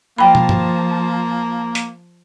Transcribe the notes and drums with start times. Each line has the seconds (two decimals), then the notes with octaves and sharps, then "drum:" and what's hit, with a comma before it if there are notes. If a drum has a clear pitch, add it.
0.18 F3 A#3 G5 A5 B5
0.35 drum: tom
0.49 drum: tom
1.75 drum: hi-hat